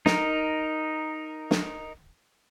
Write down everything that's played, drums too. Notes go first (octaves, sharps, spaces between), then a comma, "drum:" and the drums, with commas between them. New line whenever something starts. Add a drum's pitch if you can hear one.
D#4 A#4, drum: snare
drum: snare